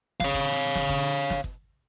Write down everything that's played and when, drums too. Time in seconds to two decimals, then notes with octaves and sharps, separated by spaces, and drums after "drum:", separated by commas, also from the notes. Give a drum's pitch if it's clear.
0.20 C#5 F5, drum: snare
0.34 drum: kick
0.75 drum: snare
0.89 drum: kick
1.30 drum: snare
1.44 drum: kick